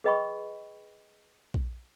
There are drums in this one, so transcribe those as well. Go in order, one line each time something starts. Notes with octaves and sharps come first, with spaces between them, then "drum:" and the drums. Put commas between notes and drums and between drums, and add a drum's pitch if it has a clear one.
G#4 B4 D#5 G5 B5 C#6
drum: kick A#1